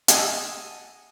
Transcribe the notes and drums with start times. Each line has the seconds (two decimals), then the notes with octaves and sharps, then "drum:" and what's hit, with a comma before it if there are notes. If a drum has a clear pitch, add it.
0.08 D#5 F#5 G#5 A5 D#6 E6, drum: hi-hat